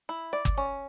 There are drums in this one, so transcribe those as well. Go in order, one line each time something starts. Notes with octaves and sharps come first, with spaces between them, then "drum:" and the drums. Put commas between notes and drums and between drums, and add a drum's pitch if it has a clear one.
E4
D5
drum: kick
C#4